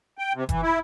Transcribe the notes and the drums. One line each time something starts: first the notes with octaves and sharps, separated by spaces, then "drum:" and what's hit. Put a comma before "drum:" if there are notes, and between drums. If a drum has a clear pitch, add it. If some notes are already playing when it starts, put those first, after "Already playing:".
G5
C3
E3, drum: kick F#1, hi-hat
E4